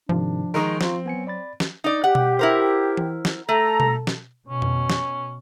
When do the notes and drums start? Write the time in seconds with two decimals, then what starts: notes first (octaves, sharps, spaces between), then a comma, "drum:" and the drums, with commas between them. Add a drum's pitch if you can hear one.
0.09 G#2 C3 D#3 F3 D4
0.54 D#3 G#3 D#4 A#5 C#6
0.81 C4 F4, drum: snare
1.06 F#3 B3 G#5 C#7
1.27 D5 B5 A6
1.60 drum: snare
1.84 D#4 D5
2.04 G4 F#5
2.15 drum: tom B2
2.39 E4 A#4 C5
2.97 drum: tom E3
3.25 drum: snare
3.49 A3 A4 A#5
3.80 drum: tom B2
4.07 drum: snare
4.49 B2 C#4
4.62 drum: tom F2
4.90 drum: snare